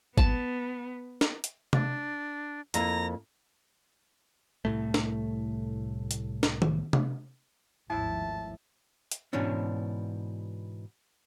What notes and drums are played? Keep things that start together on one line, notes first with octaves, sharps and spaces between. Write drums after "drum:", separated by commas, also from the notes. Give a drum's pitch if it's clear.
B3 A5, drum: kick
drum: snare
drum: hi-hat
D4, drum: tom C3
F2 A#3 E4 A#5, drum: hi-hat
C2 F2 A2 A3
drum: snare
drum: hi-hat
drum: snare
drum: tom D#3
drum: tom C3
G#1 D#2 A2 F3 E4 A5
drum: hi-hat
G#2 B2 E3 C#4 D4